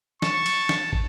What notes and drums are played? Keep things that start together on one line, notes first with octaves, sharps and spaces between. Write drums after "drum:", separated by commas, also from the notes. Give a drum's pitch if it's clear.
A5 C#6, drum: snare
drum: cymbal
drum: snare
drum: kick